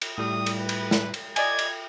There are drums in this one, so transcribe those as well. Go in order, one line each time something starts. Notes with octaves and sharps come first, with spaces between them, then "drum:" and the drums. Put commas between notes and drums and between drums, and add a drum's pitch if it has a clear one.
drum: cymbal
A2 G3 D#6
drum: cymbal
B4
drum: cymbal
drum: snare
drum: cymbal
D5 D#5 G#5 G#6, drum: cymbal
drum: cymbal